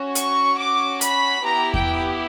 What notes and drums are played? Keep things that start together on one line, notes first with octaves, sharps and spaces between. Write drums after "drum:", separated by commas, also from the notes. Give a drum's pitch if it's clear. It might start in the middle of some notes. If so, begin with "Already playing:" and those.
Already playing: C#4 F#4
C#6, drum: hi-hat
D6
B5, drum: hi-hat
B3 E4 G4 A#5
G5, drum: kick E2